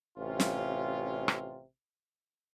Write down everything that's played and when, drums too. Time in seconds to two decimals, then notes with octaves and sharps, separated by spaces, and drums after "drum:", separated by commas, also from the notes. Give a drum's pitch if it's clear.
0.18 A1 C3 C#4 F4
0.40 drum: snare
1.28 drum: rim click